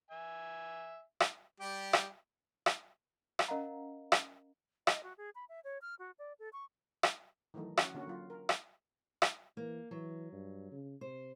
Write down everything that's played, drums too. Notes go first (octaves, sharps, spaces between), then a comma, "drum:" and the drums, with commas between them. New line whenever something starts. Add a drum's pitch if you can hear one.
E5 G#5
drum: rim click
G3 G4
drum: rim click
drum: rim click
drum: rim click
C#4 A#4 D#5 F5 F#5 A#5
drum: rim click
D#5, drum: rim click
F#4
G#4
B5
E5
C#5
F6
F#4
D5
A4
C#6
drum: rim click
D#3 E3 F#3 A3 D#4
C#4 F#4, drum: rim click
D3 A#3 C#4 F#4
F#3 F4
A#4
drum: rim click
drum: rim click
E3 A#3
E3 F#3
G2
C#3
C3 C5